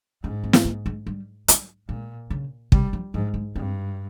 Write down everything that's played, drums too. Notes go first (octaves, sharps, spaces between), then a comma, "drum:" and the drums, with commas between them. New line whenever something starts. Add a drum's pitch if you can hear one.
G#2 C#4
C4
drum: snare
A#3
G#3
G3
G3, drum: hi-hat
A#2 G#3
C#3
C3 G3, drum: kick
F3
G#2 F3
G#3
G2 C4